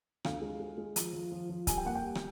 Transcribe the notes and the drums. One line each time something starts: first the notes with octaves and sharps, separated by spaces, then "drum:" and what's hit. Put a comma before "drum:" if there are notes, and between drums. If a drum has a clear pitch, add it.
D2 F5, drum: rim click
G#3
G#3
G#3
F3, drum: hi-hat
F3
F3
F3
G3 G#5, drum: kick C#1, hi-hat
G5
A#3 F#5
G5
G3
drum: rim click